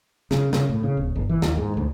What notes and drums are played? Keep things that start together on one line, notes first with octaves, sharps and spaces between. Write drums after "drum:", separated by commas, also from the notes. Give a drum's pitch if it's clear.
C#3, drum: snare
C#3, drum: snare
A2
C#3
D1
G1
E3
D#2, drum: snare
G#2
D2